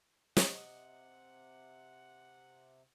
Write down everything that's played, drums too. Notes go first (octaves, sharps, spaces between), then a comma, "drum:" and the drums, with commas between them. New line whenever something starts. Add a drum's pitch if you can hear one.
C3 D#5 F#5, drum: snare